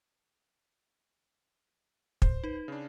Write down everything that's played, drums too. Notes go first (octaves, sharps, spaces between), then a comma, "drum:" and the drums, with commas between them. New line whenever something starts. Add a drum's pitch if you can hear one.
C5, drum: kick
D#4 B4
C#3 D4